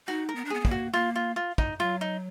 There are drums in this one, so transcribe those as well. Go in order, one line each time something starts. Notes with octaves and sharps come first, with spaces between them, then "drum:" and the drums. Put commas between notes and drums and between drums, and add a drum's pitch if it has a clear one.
D#4 F#4
A#4
B3
D4
B3 G#4
B3
A#3, drum: kick
F#4
A#3 F4
F4
F4
D#4, drum: kick
F#3 F4
D#4